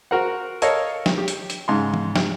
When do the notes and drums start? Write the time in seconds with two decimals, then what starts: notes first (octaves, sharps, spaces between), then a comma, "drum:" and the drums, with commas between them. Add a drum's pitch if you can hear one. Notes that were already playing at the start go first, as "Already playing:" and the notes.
0.11 F#4 A#4 C5 F#5
0.62 A4 A#4 C#5 D#5 F5, drum: hi-hat
1.06 drum: snare
1.18 G4
1.28 drum: hi-hat
1.50 drum: hi-hat
1.68 G#2 C#3 C6
1.94 drum: tom E3
2.16 drum: snare